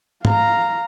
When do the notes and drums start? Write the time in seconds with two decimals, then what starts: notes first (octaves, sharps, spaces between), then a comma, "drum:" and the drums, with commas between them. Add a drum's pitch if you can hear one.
0.25 F5 A#5, drum: tom